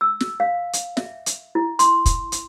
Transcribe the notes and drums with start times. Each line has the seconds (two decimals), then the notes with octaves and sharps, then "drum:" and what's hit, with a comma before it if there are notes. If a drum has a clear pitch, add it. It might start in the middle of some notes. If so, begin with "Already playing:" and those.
0.01 E6
0.20 drum: snare
0.40 F5
0.73 drum: hi-hat
0.97 E5, drum: snare
1.26 drum: hi-hat
1.55 E4
1.79 C6, drum: hi-hat
2.06 drum: kick, hi-hat
2.32 drum: hi-hat